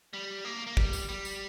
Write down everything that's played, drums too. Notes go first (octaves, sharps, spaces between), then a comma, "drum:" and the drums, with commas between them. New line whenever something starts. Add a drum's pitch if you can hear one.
G3
A#3
A#3
G3, drum: kick
drum: tambourine
G3
drum: tambourine